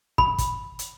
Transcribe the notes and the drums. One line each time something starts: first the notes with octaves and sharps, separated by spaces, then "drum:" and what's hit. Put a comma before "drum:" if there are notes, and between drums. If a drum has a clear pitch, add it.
B5, drum: kick
drum: kick, hi-hat
drum: hi-hat